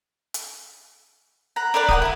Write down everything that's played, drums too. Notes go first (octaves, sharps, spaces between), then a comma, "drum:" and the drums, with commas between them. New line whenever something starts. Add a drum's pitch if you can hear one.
drum: hi-hat
F#5 A#5
D4 A#4 B4 D5
F#5 G5 D#6, drum: kick
E4 A#4